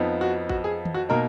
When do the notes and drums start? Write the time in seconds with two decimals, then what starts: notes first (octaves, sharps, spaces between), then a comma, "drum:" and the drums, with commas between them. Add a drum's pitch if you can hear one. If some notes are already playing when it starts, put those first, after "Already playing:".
Already playing: F2 F3 B3 D#4
0.21 F#4
0.49 F#4, drum: kick G#1
0.64 G#4
0.85 drum: tom D#3
0.94 F#4
1.09 B2 A#3 D#4 A#4